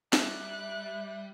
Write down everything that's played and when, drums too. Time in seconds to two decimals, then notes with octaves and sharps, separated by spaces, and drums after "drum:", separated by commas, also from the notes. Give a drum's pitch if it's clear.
0.13 G3 E5 F#6, drum: snare